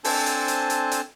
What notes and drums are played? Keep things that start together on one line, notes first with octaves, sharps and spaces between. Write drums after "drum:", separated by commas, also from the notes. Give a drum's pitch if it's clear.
C4 D4 A4 C5 G#5 A5, drum: open hi-hat
drum: hi-hat
drum: hi-hat
drum: hi-hat
drum: hi-hat